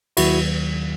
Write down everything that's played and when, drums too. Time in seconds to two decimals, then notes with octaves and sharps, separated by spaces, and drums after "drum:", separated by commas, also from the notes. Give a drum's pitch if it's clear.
0.17 D#2 D#3 F#3 E4 F#4, drum: cymbal